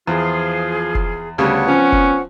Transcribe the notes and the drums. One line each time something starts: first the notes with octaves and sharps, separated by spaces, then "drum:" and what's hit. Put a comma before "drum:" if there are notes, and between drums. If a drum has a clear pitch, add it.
E2 F3 F4 G#4
drum: kick F1
D2 C#3 G3 B3 C#5 F#5
F3 C4 C#4
drum: kick F1